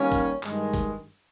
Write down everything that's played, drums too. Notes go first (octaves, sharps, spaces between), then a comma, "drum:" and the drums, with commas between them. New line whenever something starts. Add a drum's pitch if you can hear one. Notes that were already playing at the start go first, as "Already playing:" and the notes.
Already playing: D#3 G3 A#3 C#4
drum: kick, hi-hat
G2 D#3 G#3, drum: clap
drum: kick, hi-hat